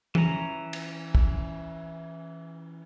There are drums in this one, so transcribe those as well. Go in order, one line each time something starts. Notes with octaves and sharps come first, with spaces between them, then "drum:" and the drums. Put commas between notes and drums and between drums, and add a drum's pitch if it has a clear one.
E3 C#4 A#5, drum: tom E3
drum: cymbal
drum: kick